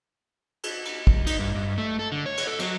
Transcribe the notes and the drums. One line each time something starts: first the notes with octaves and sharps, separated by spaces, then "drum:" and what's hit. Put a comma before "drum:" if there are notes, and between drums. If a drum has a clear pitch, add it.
drum: cymbal
drum: cymbal
drum: kick
D#4, drum: cymbal
G2
G2
A3
A4
D3
C#5
drum: cymbal
A4
F#3, drum: cymbal